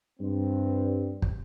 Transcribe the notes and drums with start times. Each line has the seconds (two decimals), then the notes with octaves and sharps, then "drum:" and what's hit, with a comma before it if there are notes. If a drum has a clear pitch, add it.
0.20 G2 C4
1.22 drum: kick